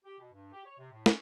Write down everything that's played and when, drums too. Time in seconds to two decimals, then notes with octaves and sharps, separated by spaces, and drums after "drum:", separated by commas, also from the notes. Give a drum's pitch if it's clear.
0.04 G4
0.20 B2
0.33 G2
0.53 G4
0.66 C#5
0.78 C3
0.92 A2
1.06 C#4, drum: snare